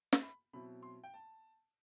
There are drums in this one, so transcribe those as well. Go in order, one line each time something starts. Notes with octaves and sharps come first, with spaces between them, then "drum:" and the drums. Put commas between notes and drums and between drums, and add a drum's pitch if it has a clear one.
drum: snare
B5
B2 F#3 C4 E4 B5
C6
G5
A5